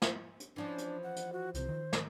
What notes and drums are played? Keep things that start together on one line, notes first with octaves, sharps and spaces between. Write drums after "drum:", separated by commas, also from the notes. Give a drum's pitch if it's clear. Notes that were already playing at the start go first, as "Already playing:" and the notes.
drum: snare
drum: hi-hat
E3 F3 C#4 D4
drum: hi-hat
F#5
drum: hi-hat
F#4
C2 C3 C5, drum: hi-hat
D#3
drum: snare